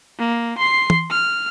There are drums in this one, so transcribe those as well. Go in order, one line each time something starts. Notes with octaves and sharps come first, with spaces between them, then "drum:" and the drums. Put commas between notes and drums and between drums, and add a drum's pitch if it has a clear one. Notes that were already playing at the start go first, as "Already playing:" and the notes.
A#3
C6 C7
drum: tom
F6